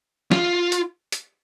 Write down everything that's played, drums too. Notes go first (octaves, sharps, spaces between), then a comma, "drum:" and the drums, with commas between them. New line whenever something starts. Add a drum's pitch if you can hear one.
F4, drum: snare
drum: hi-hat
drum: hi-hat